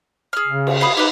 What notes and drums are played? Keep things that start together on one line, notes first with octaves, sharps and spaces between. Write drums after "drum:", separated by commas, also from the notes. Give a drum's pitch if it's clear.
G#4 F6
C#3
drum: cymbal
F5 B5 D#6
D#4 G4 B4